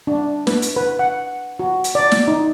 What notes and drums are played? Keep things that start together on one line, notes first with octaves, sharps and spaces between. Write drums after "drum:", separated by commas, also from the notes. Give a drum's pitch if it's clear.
D4
B4, drum: snare
drum: hi-hat
B4
F#5
F#4
drum: hi-hat
D5
drum: snare
D#4